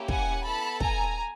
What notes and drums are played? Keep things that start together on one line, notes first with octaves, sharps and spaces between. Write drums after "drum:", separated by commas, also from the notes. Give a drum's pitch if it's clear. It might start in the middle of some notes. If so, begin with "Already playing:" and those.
Already playing: A#3 C#4 E4 G4
F#5 G#5, drum: kick
B3 E4 A4 A5 B5
G#5 A#5, drum: kick